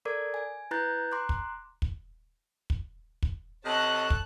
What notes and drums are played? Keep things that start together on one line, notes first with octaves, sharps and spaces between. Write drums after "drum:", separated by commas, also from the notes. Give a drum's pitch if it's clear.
A4 A#4 D5 D6 G#6
G#5
E4 B4 A#5 F#6 G6 A6
A#5 C6 D6 F#6
drum: kick
drum: kick
drum: kick
drum: kick
C3 A4 C#5 D#5 A5 F#6
drum: kick